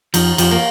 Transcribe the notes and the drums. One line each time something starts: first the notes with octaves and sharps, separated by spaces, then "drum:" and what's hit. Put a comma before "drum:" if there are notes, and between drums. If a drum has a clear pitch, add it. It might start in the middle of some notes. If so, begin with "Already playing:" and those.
F2 F3 D#4, drum: cymbal
F2 F3, drum: cymbal
A#3